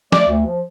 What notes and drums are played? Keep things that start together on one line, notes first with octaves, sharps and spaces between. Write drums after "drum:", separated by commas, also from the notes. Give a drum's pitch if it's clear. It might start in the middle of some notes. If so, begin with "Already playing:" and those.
A3 D5, drum: snare
D2
F3